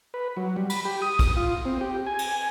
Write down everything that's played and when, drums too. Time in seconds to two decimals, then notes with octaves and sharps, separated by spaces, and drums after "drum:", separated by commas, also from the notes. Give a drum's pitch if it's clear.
0.14 B4
0.37 F#3
0.56 G3
0.70 B5, drum: cymbal
0.85 G4
1.02 D#6
1.19 drum: kick, cymbal
1.36 F4
1.66 C4
1.81 G4
2.07 G#5
2.19 drum: cymbal